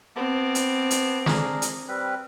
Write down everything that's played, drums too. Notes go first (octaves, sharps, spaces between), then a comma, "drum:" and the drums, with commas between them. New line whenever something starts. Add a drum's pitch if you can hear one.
B3 C4 A5 D6
drum: hi-hat
drum: hi-hat
D4 G#4 A#4, drum: snare
drum: hi-hat
G3 C4 B4